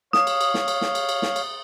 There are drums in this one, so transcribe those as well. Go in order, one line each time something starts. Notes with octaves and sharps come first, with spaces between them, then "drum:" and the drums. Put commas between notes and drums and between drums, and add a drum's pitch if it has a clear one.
C#5 F5 D#6, drum: snare
drum: cymbal
drum: cymbal
drum: snare
drum: cymbal
drum: snare
drum: cymbal
drum: cymbal
drum: snare
drum: cymbal